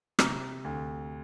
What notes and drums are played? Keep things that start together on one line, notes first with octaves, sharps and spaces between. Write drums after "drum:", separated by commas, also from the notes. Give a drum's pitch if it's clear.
C3 A#5, drum: rim click
D2